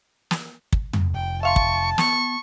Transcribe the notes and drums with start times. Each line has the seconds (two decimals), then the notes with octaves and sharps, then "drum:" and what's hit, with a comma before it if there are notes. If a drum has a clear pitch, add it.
0.31 drum: snare
0.73 drum: kick
0.93 drum: tom
1.14 F1 G5
1.43 E5 F5 A5 C6 C#6
1.56 drum: kick
1.98 B3 C#6, drum: snare